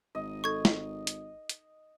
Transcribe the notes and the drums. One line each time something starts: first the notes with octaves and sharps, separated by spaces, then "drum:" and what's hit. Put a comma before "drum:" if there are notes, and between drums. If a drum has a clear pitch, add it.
G#1 D#5
D#4 A4 C#6 G#6
drum: snare
drum: hi-hat
drum: hi-hat